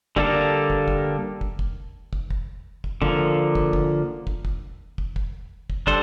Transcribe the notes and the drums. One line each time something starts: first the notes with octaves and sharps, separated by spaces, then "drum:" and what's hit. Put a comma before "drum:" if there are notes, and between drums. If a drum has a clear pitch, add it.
D3 G3 A#3 D4 A4, drum: kick
drum: kick
drum: kick
drum: kick
drum: kick
drum: kick
drum: kick
drum: kick
D3 F3 A#3, drum: kick
drum: kick
drum: kick
drum: kick
drum: kick
drum: kick
drum: kick
drum: kick
G3 D4 A4 C5, drum: kick